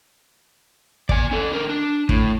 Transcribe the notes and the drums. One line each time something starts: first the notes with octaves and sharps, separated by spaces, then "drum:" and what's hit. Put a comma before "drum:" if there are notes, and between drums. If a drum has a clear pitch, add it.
D5 G#5, drum: kick
C#4 A4
D3 A#4
D4
A2, drum: kick